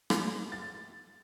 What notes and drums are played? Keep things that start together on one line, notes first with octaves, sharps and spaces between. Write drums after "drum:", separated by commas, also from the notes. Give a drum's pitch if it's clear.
drum: rim click
A6